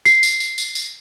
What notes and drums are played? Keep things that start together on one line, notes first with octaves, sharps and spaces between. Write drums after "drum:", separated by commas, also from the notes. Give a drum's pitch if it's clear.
C7, drum: tambourine
drum: tambourine
drum: tambourine
drum: tambourine
drum: tambourine